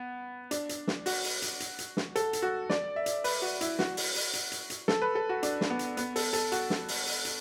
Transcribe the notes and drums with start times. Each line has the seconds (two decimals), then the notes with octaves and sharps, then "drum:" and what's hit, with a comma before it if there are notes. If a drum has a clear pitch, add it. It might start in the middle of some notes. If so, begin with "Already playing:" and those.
Already playing: B3
0.51 D4, drum: hi-hat
0.69 drum: hi-hat
0.87 drum: snare
1.06 F#4, drum: open hi-hat
1.24 drum: open hi-hat
1.42 drum: hi-hat
1.60 drum: hi-hat
1.79 drum: hi-hat
1.97 drum: snare
2.16 A4, drum: hi-hat
2.33 drum: hi-hat
2.42 F#4
2.70 D5, drum: snare
2.96 E5
3.06 drum: hi-hat
3.24 B4, drum: open hi-hat
3.42 F#4
3.61 E4, drum: hi-hat
3.79 F#4, drum: snare
3.97 drum: open hi-hat
4.15 drum: open hi-hat
4.33 drum: hi-hat
4.52 drum: hi-hat
4.70 drum: hi-hat
4.88 A4, drum: snare
5.02 B4
5.15 A4
5.29 F#4
5.43 D4, drum: hi-hat
5.61 drum: snare
5.70 B3
5.79 drum: hi-hat
5.97 B3, drum: hi-hat
6.16 A4, drum: open hi-hat
6.33 A4, drum: hi-hat
6.52 F#4, drum: hi-hat
6.70 drum: snare
6.88 drum: open hi-hat
7.07 drum: open hi-hat
7.25 drum: hi-hat